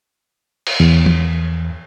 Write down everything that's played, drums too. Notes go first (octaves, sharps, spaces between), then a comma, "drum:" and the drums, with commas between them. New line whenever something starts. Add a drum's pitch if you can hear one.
drum: cymbal
E2
drum: tom